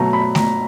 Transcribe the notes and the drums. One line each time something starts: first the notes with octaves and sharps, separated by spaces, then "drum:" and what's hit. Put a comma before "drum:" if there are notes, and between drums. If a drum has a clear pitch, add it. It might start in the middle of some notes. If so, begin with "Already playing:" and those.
Already playing: B2 F#3 A3 A#5
B5
A#5, drum: snare A3